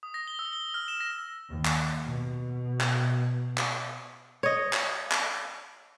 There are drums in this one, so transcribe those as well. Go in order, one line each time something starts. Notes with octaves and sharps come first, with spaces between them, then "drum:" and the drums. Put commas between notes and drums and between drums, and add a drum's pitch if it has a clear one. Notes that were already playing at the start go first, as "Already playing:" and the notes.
D#6
A#6
G7
E6
G7
F6
E7
A#6
D#2
drum: clap
B2
drum: clap
drum: clap
C#5 D#5
drum: clap
drum: clap